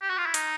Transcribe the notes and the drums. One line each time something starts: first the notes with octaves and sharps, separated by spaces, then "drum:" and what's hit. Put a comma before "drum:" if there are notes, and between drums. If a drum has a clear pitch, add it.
G4
F#4
F4
E4
D#4, drum: hi-hat